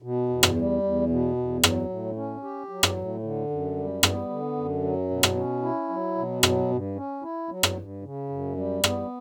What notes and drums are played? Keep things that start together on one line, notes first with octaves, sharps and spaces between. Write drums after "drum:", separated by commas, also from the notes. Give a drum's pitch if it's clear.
B2
E2
drum: rim click
G3
E2
B2
E2
F#3, drum: rim click
A2
C#4
G4
F#3
drum: rim click
A2
D3
F#2
G3
B3, drum: rim click
D3
F#2
F#3
B2
drum: rim click
C#4
E4
F#3
B2
F#3, drum: rim click
G2
C#4
E4
F#3
drum: rim click
G2
C#3
F#2
G3
B3, drum: rim click